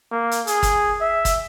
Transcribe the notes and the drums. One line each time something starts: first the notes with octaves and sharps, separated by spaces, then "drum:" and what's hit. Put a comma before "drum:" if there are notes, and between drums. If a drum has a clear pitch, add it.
A#3
drum: hi-hat
G#4, drum: hi-hat
drum: kick, hi-hat
E5
drum: kick, hi-hat